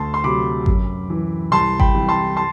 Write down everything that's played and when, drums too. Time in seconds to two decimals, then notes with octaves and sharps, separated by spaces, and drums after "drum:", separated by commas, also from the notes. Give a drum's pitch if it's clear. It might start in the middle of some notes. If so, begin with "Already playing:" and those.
Already playing: D2 A5 C6
0.14 C6
0.24 C3 F#3 B5 D6
0.66 F#2, drum: kick G#1
1.10 E3
1.51 C2 A5 C6
1.80 G5 B5, drum: kick G#1
1.94 C3 E3
2.09 A5 C6
2.37 A5 C6